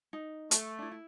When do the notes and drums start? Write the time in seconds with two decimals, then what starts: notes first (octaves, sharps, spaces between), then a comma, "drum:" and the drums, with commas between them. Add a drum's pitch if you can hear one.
0.13 D#4
0.51 A3 A4, drum: hi-hat
0.79 D4 E4
0.92 E4